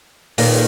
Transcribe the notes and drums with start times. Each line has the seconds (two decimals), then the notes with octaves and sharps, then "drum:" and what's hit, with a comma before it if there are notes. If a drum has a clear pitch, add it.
0.38 A#2 D#3, drum: open hi-hat